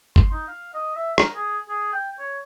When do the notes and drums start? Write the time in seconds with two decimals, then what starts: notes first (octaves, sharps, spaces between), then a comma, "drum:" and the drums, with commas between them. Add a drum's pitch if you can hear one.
0.16 C6, drum: kick
0.32 D#4
0.48 F5
0.74 D#5
0.96 E5
1.18 A#4, drum: rim click
1.35 G#4
1.69 G#4
1.93 G5
2.19 C#5